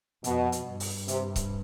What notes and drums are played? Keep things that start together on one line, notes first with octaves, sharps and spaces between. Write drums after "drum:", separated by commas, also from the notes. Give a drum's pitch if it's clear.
F2 B2, drum: hi-hat
drum: hi-hat
G2
drum: open hi-hat
C3, drum: hi-hat
drum: kick C#1, hi-hat